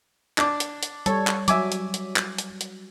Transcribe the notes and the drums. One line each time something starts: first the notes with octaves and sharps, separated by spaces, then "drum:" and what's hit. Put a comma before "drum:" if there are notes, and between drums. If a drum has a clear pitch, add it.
D4 D6, drum: clap
drum: hi-hat
drum: hi-hat
G3 A4 C#5, drum: hi-hat
drum: clap
F#3 E5 G#5 D6, drum: hi-hat
drum: hi-hat
drum: hi-hat
drum: clap
drum: hi-hat
drum: hi-hat